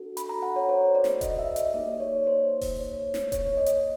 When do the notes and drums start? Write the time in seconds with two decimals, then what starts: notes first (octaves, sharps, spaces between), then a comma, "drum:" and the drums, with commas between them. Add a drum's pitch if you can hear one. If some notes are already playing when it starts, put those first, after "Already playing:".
Already playing: D4 F#4 A4
0.17 B5, drum: hi-hat
0.29 A#5
0.42 F#5
0.56 C#5
0.69 C5
0.95 D5
1.04 drum: snare
1.21 D#5, drum: kick D#1, hi-hat
1.39 E5
1.56 D#5, drum: hi-hat
1.74 A#3 D#4 G4 D5
2.00 C#5
2.27 C5
2.61 drum: kick D#1, open hi-hat
2.79 C#5
3.14 drum: snare
3.32 C#5, drum: kick D#1, hi-hat
3.57 D#5
3.66 drum: hi-hat